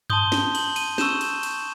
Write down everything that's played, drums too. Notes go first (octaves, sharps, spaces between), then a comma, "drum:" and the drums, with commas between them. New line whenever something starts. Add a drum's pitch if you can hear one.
A5 C6 D#6 G6 G7, drum: tom G2
drum: snare
F#7, drum: cymbal
D#7, drum: cymbal
C#6 E6 G6 E7, drum: snare
drum: cymbal
drum: cymbal